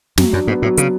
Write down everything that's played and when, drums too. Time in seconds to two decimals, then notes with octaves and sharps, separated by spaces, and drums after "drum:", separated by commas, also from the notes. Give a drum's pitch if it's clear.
0.18 F#2 F#3, drum: snare
0.33 F#2 D4
0.47 G#2 B3
0.62 A2 F#3
0.77 C#3 F#3, drum: hi-hat